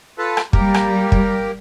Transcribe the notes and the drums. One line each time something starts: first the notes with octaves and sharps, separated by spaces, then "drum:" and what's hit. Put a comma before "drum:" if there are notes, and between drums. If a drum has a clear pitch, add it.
F4 A4 B4
drum: rim click
G3 A#3 G4 A#4, drum: kick
drum: rim click
drum: kick